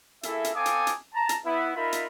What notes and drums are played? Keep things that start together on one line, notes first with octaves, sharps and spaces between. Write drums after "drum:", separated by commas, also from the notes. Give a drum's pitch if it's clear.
A#3 E4 G#4 A4 E5, drum: hi-hat
drum: hi-hat
C4 A4 F5 G#5 D6 D#6
drum: hi-hat
drum: hi-hat
A5 A#5
drum: hi-hat
B3 E4
D#4 F4 A#4 E5 B5
drum: hi-hat